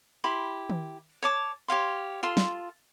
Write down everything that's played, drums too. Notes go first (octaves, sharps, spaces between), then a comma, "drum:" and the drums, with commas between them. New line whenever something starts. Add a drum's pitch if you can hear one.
E4 G4 B5 C6
drum: tom D#3
C#5 A5 D6
G4 C#5 F5 C6
F4 A4 C6
drum: snare